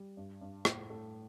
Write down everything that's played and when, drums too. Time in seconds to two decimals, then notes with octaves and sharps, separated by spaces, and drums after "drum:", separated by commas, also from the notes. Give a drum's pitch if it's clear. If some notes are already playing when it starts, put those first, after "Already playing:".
Already playing: G3
0.17 G2
0.41 G2
0.65 A2, drum: rim click
0.90 A3